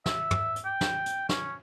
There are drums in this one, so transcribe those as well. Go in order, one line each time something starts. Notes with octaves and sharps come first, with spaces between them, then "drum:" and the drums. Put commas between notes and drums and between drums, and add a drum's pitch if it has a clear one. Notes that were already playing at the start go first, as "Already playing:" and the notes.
E5, drum: snare
drum: tom
drum: hi-hat
G5
drum: snare
drum: hi-hat
C#4, drum: snare